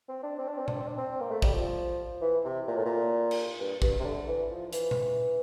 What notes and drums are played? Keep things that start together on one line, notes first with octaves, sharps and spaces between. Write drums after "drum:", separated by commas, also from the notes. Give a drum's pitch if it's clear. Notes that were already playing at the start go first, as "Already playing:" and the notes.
C4
D4
C4
D4
C4
D4, drum: tom A#2
C4
D4
C4
A#3
A3
G3, drum: kick
F3
E3
C3
A#2
A2
A#2
drum: cymbal
G2
G2, drum: kick
C3
D3
E3
F3
E3, drum: hi-hat
drum: tom A#2